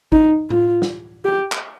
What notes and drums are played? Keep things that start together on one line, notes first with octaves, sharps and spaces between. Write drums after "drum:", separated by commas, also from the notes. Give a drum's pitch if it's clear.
D#4, drum: kick
F4, drum: tom A2
drum: snare
G4
drum: clap